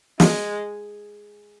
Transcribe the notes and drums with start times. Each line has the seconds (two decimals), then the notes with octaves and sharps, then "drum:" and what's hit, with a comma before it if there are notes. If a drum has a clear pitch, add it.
0.20 G#3, drum: snare